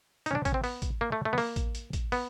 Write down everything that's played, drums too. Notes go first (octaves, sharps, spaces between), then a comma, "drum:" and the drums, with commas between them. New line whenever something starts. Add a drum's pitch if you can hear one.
D#4, drum: hi-hat
C#4
D4
C#4, drum: kick, hi-hat
C4
B3, drum: open hi-hat
drum: kick, hi-hat
A#3
A3
A3
B3
A#3, drum: open hi-hat
drum: kick, hi-hat
drum: hi-hat
drum: kick, hi-hat
B3, drum: open hi-hat